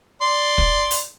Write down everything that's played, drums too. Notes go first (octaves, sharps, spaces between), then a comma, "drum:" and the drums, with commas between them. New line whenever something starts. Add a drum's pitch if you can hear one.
D5 C6
drum: kick
drum: open hi-hat